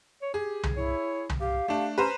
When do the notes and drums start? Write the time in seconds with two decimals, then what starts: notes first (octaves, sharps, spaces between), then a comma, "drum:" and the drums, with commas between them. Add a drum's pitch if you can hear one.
0.22 C#5
0.34 G4 G#4
0.63 drum: tom C2
0.76 E4 C#5
1.29 drum: tom C2
1.40 G4 F5
1.68 A3 D4 G4
1.98 C#4 B4 C5 A#5